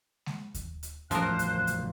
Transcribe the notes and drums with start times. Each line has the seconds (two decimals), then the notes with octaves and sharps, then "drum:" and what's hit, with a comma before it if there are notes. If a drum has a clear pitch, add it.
0.26 drum: snare G#3
0.54 drum: kick D#2, hi-hat
0.83 drum: hi-hat
1.11 E2 A2 F3 F#3 A#4 C5 F#6, drum: hi-hat
1.39 drum: hi-hat
1.67 drum: hi-hat